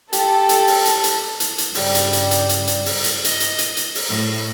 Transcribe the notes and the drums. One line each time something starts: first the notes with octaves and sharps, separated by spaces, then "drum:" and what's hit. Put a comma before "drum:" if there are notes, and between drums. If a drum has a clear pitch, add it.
G4 A4, drum: hi-hat
drum: hi-hat
drum: open hi-hat
drum: hi-hat
drum: hi-hat
drum: hi-hat
drum: hi-hat
G2 C#3 G3, drum: open hi-hat
drum: hi-hat
drum: hi-hat
drum: hi-hat
drum: hi-hat
drum: hi-hat
drum: open hi-hat
drum: hi-hat
D#5, drum: hi-hat
drum: hi-hat
drum: hi-hat
drum: hi-hat
drum: open hi-hat
A2